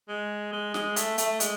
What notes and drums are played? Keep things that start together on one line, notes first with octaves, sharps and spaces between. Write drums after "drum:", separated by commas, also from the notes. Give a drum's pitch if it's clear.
G#3
G#3
G#3, drum: snare
A3, drum: hi-hat
A3, drum: hi-hat
G#3, drum: hi-hat